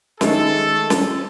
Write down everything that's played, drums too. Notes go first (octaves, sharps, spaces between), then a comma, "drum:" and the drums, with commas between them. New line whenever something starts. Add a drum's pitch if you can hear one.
D#3 G#3 A3 A4, drum: snare
drum: snare